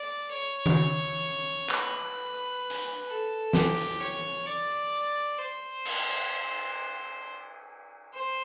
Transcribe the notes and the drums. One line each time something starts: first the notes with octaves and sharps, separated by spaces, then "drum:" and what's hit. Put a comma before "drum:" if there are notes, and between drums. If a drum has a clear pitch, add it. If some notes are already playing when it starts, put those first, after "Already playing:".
Already playing: D5
C#5
drum: tom D#3
B4, drum: clap
drum: hi-hat
A4
G4, drum: snare
drum: hi-hat
C#5
D5
C5
drum: cymbal
C5